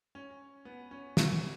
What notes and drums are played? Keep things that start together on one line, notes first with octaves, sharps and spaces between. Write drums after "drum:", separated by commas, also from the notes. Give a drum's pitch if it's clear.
C#4
B3
C#4
C#4, drum: snare